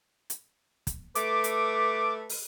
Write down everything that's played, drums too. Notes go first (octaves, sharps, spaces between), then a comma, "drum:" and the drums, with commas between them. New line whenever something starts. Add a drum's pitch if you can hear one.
drum: hi-hat
drum: kick, hi-hat
A3 B4 D6, drum: hi-hat
drum: hi-hat
drum: open hi-hat